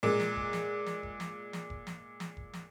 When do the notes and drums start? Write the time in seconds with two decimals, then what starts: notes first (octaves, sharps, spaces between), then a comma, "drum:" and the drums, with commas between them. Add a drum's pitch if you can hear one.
0.03 A#2 G#3
0.20 drum: snare
0.36 drum: kick F1
0.53 drum: snare
0.86 drum: snare
1.03 drum: kick F1
1.20 drum: snare
1.53 drum: snare
1.70 drum: kick F1
1.87 drum: snare
2.20 drum: snare
2.37 drum: kick F1
2.53 drum: snare